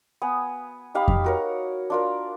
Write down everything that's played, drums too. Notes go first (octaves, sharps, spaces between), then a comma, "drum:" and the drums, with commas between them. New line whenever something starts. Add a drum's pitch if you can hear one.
B3 G#5
D#4 G4 F5 B5
drum: kick F2
F#4 A#4 C#5
D4 F4 A#4